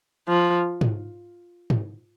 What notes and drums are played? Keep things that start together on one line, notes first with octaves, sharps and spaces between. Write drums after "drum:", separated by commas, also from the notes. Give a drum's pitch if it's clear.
F3
drum: tom G#2
drum: tom G#2